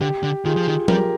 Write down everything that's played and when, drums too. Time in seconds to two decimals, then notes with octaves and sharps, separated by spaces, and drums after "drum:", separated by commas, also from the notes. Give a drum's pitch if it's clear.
0.01 D3 G4
0.23 D3
0.45 D#3 F4 G#4
0.56 F3
0.67 D#3
0.88 G3 G4 A#4, drum: tom F3